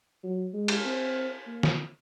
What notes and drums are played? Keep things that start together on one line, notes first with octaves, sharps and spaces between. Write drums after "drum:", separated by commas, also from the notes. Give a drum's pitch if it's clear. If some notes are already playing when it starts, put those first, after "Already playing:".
F#3
G#3
drum: cymbal
C4
A#3
drum: snare